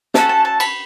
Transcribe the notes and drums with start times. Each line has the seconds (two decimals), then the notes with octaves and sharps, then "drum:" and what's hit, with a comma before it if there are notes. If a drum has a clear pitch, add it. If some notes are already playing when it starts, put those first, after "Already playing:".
0.14 A3 C#4 F#4 A4 A5, drum: snare
0.29 A5
0.45 A5
0.60 B5, drum: cymbal